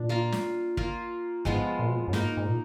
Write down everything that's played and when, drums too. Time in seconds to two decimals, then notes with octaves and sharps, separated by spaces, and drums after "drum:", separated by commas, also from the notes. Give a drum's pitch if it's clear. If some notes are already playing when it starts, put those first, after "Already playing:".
Already playing: A#2 D4
0.09 A#3 F4 A#4
0.32 drum: snare
0.77 A#3 F4 A#4, drum: kick
1.45 G#2 F3 G#3 B3 F4, drum: kick
1.79 A#2
1.88 B2
1.96 A#2
2.08 F#2
2.13 G#2 A#3 D#4 A#4, drum: snare
2.37 G#2
2.47 A#2